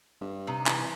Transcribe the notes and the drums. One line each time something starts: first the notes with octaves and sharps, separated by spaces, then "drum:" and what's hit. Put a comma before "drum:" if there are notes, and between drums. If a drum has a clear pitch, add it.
G2
C3 D#4
E3, drum: clap